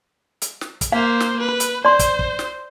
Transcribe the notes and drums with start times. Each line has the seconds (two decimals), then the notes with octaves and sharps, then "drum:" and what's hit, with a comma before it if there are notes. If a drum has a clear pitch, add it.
0.42 drum: hi-hat
0.61 drum: snare
0.81 drum: kick, hi-hat
0.92 A#3 C5 F5
1.20 drum: snare
1.40 B4
1.60 drum: hi-hat
1.85 C5 D5 C6
1.99 drum: kick, hi-hat
2.19 drum: kick
2.39 drum: snare